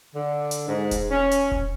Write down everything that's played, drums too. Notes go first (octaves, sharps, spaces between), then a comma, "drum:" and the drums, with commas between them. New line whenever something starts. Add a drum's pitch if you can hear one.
D3
drum: hi-hat
G#2
drum: kick E1, hi-hat
C#4
drum: hi-hat
drum: kick E1